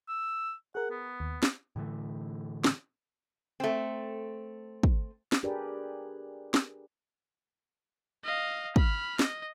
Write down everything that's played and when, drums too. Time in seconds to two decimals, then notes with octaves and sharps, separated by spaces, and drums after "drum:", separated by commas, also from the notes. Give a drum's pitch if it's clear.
0.09 E6
0.75 G#4 A#4 F#5
0.90 B3
1.20 D#2
1.43 drum: snare
1.76 A2 D3 E3 A3
2.64 drum: snare
3.60 A3 C4
4.83 drum: kick
5.32 drum: snare
5.43 D4 G4 G#4 A#4 B4 D5
6.54 drum: snare
8.24 D#5 F5
8.76 B5 F6, drum: kick
9.19 D#5, drum: snare